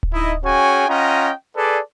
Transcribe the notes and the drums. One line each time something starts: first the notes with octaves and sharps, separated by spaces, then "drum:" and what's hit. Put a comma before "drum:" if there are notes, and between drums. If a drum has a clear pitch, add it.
drum: kick D1
D#4 E4 D#5
C#4 F#4 G#4 C#5 G5 G#5
C#4 F4 D#5 F#5 G5 A#5
G#4 A4 B4 D5